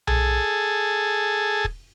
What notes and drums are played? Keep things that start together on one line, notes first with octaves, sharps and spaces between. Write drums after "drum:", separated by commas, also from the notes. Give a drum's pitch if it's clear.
G#4 A4, drum: tom B1
drum: kick